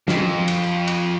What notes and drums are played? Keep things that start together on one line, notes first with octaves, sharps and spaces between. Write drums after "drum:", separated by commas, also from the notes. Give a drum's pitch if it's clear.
F2, drum: snare
drum: cymbal
drum: cymbal